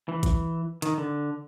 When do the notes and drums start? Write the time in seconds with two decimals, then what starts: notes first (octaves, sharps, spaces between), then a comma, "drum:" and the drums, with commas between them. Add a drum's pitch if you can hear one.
0.09 E3
0.23 drum: kick, hi-hat
0.82 D#3, drum: hi-hat
0.98 D3